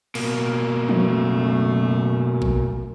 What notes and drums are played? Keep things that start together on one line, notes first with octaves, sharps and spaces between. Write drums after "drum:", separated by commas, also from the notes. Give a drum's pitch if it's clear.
B2 A#3, drum: cymbal
F#2 A3, drum: tom E3
drum: kick A1